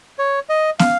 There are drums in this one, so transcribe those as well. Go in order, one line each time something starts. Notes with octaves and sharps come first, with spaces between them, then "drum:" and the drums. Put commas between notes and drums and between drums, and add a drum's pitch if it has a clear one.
C#5
D#5
F5, drum: snare